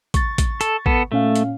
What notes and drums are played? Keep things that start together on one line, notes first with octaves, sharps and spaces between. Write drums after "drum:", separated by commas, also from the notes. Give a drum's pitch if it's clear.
C#6 A6, drum: kick, hi-hat
drum: kick, hi-hat
A4, drum: hi-hat
B3 A4, drum: kick
A#2 A3 C#4 F5
drum: hi-hat